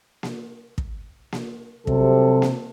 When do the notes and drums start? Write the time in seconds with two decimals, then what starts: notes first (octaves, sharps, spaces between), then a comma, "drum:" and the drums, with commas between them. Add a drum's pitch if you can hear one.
0.23 drum: snare A#3
0.78 drum: kick
1.32 drum: snare A#3
1.87 C3 F#3 G3 A4, drum: kick
2.42 drum: snare A#3